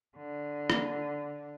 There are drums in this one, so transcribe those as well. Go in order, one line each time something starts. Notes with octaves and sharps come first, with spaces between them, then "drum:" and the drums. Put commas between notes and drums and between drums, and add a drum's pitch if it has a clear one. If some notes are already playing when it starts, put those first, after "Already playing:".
D3
drum: rim click